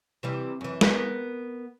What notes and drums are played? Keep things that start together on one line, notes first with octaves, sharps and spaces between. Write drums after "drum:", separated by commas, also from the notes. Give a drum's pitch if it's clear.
C3 E3 G3
F#2 E3
B3 A#4, drum: snare